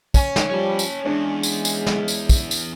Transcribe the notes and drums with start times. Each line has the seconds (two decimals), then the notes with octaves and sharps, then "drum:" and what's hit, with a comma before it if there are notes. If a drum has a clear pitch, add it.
0.14 C#4, drum: kick, tambourine
0.36 drum: snare
0.50 F3 G3 C#5 A5
0.79 drum: tambourine
1.06 E2 G#3 D4
1.43 drum: tambourine
1.65 drum: tambourine
1.86 drum: snare
2.08 drum: tambourine
2.29 drum: kick, tambourine
2.51 drum: tambourine